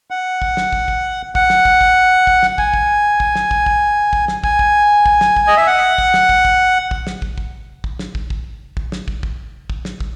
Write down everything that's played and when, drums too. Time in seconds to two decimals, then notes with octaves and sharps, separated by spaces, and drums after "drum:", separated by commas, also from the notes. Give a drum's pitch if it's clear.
0.11 F#5
0.42 drum: kick
0.57 drum: snare
0.73 drum: kick
0.88 drum: kick
1.35 F#5, drum: kick
1.50 drum: snare
1.65 drum: kick
1.81 drum: kick
2.27 drum: kick
2.43 drum: snare
2.58 G#5, drum: kick
2.74 drum: kick
3.20 drum: kick
3.35 drum: snare
3.51 drum: kick
3.66 drum: kick
4.13 drum: kick
4.28 drum: snare
4.44 G#5, drum: kick
4.59 drum: kick
5.06 drum: kick
5.21 drum: snare
5.37 drum: kick
5.47 D#5
5.57 E5
5.67 F#5
5.98 drum: kick
6.14 drum: snare
6.29 drum: kick
6.45 drum: kick
6.91 drum: kick
7.07 drum: snare
7.22 drum: kick
7.38 drum: kick
7.84 drum: kick
7.99 drum: snare
8.15 drum: kick
8.30 drum: kick
8.77 drum: kick
8.92 drum: snare
9.08 drum: kick
9.23 drum: kick
9.70 drum: kick
9.85 drum: snare
10.00 drum: kick